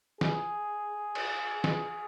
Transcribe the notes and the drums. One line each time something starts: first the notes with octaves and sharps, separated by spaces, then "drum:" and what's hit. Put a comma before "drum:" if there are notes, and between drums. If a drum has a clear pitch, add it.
G#4, drum: snare
drum: cymbal
drum: snare